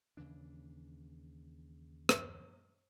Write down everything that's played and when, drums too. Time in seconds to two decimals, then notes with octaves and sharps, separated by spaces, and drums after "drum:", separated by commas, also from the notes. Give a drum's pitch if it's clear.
0.17 D#2 C#3 E3 D4
2.09 drum: rim click